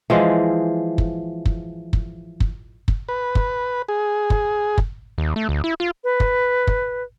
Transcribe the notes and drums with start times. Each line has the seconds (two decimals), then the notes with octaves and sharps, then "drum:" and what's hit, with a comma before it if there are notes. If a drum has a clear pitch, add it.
0.10 E3 F3 G#3
0.98 drum: kick
1.45 drum: kick
1.93 drum: kick
2.40 drum: kick
2.88 drum: kick
3.09 B4
3.35 drum: kick
3.88 G#4
4.30 drum: kick
4.78 drum: kick
5.18 D#2
5.36 A3
5.49 D2
5.64 E4
5.80 F4
6.04 B4
6.20 drum: kick
6.67 drum: kick